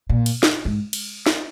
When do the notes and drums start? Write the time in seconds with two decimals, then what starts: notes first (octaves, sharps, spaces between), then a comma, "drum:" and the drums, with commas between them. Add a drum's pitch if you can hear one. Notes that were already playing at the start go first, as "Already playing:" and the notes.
0.09 A#2
0.26 drum: cymbal
0.43 drum: snare
0.65 G#2
0.93 drum: cymbal
1.26 drum: snare